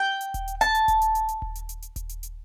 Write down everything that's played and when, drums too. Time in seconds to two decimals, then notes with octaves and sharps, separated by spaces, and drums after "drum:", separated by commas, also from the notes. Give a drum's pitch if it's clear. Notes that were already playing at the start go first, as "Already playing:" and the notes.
Already playing: G5
0.21 drum: hi-hat
0.34 drum: kick D#1, hi-hat
0.48 drum: hi-hat
0.61 A5, drum: hi-hat
0.75 drum: hi-hat
0.88 drum: kick D#1, hi-hat
1.02 drum: hi-hat
1.15 drum: hi-hat
1.28 drum: hi-hat
1.42 drum: kick D#1
1.55 drum: hi-hat
1.69 drum: hi-hat
1.82 drum: hi-hat
1.96 drum: kick D#1, hi-hat
2.09 drum: hi-hat
2.23 drum: hi-hat